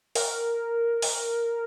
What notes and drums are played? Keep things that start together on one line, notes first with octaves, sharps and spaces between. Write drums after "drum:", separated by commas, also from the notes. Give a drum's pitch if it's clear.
A#4, drum: open hi-hat
drum: open hi-hat